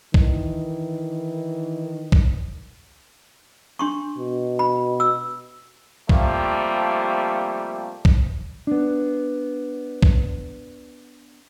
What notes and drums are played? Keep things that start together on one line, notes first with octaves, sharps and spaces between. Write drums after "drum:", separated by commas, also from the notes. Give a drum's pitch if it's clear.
D#3 E3, drum: kick B1
drum: kick B1
D4 C6 C#6
B2
B5
E6
C3 F3 G3 A3 A#3, drum: kick B1
drum: kick B1
B3 D4
drum: kick B1